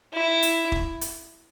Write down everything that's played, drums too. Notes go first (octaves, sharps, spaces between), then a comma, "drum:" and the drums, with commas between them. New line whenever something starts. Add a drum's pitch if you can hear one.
E4
drum: hi-hat
drum: kick
drum: hi-hat